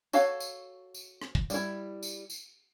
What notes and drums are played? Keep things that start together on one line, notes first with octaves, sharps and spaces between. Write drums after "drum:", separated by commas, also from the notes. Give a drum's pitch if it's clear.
F#4 A4 C#5 F5, drum: tambourine
drum: tambourine
drum: tambourine
drum: rim click
drum: kick
G3 E4, drum: tambourine
drum: tambourine
drum: tambourine